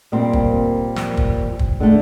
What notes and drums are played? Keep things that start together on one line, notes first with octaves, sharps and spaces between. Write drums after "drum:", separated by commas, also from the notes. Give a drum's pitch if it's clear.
A#2 G3 A#3 C4
drum: kick
drum: snare
drum: kick
drum: kick
D3 A3